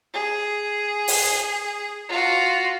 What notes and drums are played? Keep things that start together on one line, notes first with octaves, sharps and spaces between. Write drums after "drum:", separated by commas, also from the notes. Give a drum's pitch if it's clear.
G#4
drum: open hi-hat
F4 F#4